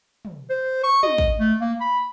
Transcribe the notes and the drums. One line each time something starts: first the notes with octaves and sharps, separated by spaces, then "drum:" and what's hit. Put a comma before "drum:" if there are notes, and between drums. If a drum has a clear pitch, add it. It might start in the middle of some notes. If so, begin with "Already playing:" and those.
drum: tom
C5
C#6
D#5, drum: tom
drum: kick
A3
A#3
B5